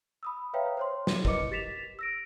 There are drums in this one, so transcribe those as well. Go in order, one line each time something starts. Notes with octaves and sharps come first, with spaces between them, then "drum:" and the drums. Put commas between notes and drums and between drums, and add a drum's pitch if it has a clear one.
B5 D#6 E6
B4 C#5 E5 F5 G5 A#5
C5 C#5 C6
drum: snare
E4 A#4 B4 D#5 D6 C#7, drum: kick G1
G4 A6 B6 E7 F7
E6 A#6 D7